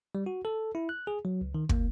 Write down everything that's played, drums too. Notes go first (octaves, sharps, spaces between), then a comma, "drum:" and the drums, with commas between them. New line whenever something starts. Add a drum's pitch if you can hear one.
G3
F#4
A4
E4
F#6
G#4
F#3
C#2
D#3
A#3, drum: kick